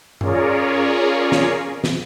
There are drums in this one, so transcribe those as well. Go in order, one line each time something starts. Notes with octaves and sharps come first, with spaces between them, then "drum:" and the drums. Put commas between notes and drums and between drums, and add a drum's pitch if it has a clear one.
C#4 F4 G#4 A#4 C#5 D5, drum: tom G2
drum: snare
drum: snare